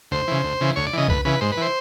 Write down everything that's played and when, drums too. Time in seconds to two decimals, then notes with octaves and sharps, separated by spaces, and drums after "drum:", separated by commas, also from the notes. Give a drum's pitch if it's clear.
0.11 D2 C5
0.28 C#3 E3
0.44 D2
0.61 C#3 E3
0.76 D2 C#5
0.87 D5
0.93 C#3 E3 D#5
1.08 D2 B4, drum: kick
1.25 C#3 E3 B4
1.41 G#2 C5
1.52 B4
1.57 E3 C5